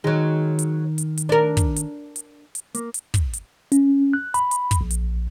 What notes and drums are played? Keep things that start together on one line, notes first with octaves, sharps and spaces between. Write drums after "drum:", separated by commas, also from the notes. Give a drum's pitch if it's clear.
D#3 F#3 G#3
drum: hi-hat
drum: hi-hat
drum: hi-hat
D4 A#4
drum: kick, hi-hat
drum: hi-hat
drum: hi-hat
drum: hi-hat
A#3, drum: hi-hat
drum: hi-hat
drum: kick, hi-hat
drum: hi-hat
C#4, drum: hi-hat
F#6
B5, drum: hi-hat
drum: hi-hat
drum: kick, hi-hat
A#1
drum: hi-hat